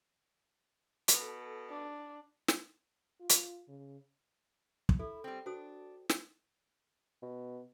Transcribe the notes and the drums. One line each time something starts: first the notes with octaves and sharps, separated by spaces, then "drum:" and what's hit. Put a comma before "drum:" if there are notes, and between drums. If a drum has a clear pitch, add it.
B2 A4, drum: hi-hat
D4
drum: snare
F4
drum: hi-hat
C#3
drum: kick
E4 A4
G3 C4
D4 F#4 C5 D#6
drum: snare
B2